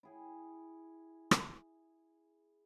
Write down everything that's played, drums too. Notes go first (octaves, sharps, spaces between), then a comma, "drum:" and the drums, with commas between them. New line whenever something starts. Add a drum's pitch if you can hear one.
E4 G#4 G5
drum: rim click